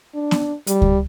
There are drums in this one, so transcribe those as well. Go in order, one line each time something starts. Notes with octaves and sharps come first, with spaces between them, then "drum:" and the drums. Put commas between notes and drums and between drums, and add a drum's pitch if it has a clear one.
D4
drum: snare B3
G3, drum: hi-hat
drum: kick C#2